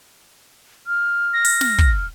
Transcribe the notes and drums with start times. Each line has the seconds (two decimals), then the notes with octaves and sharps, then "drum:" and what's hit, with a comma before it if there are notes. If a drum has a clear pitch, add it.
0.87 F6
1.34 A#6
1.45 drum: open hi-hat
1.61 drum: snare
1.78 drum: kick